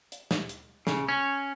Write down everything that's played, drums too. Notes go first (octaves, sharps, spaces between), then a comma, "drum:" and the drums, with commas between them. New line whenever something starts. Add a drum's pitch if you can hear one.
drum: hi-hat
drum: snare
drum: hi-hat
C#3, drum: snare
C#4